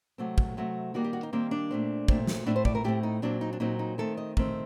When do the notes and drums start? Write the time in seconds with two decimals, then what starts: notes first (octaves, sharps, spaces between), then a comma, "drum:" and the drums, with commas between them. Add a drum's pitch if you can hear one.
0.18 C3 F#3 A3 C4
0.38 drum: kick
0.57 C3 F#3 A3 C4
0.94 D#3 G3 A#3 F#4
1.04 G4
1.13 F#4
1.23 D#4
1.33 D#3 G3 A#3 C4
1.51 D4
1.71 A#2 A3 C4
2.08 A#2 A3 C4, drum: kick
2.27 drum: snare
2.46 A2 A3 C4 D4
2.56 C5
2.65 D5, drum: kick
2.75 A#4
2.84 A2 A3 C4 G4
3.03 D#4
3.22 A#2 F#3 C4 D4
3.41 D#4
3.53 D4
3.60 A#2 F#3 C4 D#4
3.79 D#4
3.98 D#3 A3 C4 A4
4.17 D#5
4.37 D#3 A3 C4, drum: kick